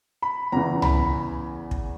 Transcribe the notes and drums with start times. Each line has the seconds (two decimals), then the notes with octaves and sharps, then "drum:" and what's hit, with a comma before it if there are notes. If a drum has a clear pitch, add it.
0.22 B5
0.52 E2 C#3 E3 A#5
0.82 B5, drum: tom C2
1.71 drum: kick